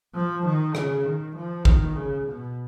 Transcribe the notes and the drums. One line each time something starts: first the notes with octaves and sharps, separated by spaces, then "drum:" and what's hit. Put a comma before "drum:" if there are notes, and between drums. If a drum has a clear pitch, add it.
F3
D#3
C#3, drum: rim click
D#3
F3
D#3, drum: kick G#1
C#3
B2